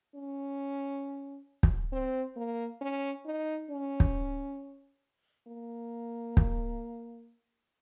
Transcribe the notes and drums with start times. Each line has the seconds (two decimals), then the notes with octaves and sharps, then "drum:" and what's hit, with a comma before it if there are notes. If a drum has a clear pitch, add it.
0.15 C#4
1.63 drum: kick
1.92 C4
2.37 A#3
2.81 C#4
3.25 D#4
3.71 C#4
4.00 drum: kick
5.48 A#3
6.37 drum: kick